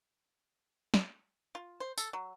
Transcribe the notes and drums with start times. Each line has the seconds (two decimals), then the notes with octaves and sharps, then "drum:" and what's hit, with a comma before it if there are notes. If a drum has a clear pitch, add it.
0.94 drum: snare
1.55 F4
1.80 C5
1.98 A4, drum: tambourine
2.13 F#3